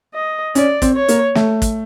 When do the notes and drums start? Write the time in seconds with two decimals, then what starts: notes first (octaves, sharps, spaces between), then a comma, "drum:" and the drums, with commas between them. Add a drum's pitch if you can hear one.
0.14 D#5
0.55 C#4 D5, drum: hi-hat
0.82 C4, drum: kick, hi-hat
0.94 C#5
1.08 A#3, drum: hi-hat
1.35 A3, drum: snare
1.62 drum: kick, hi-hat